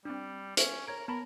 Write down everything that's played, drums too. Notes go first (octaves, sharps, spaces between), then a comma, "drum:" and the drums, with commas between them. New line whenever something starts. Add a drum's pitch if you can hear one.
G3 C4 D4
C#4, drum: hi-hat
A#4 C#5 G#6 D7
B3 A#4 A5 B5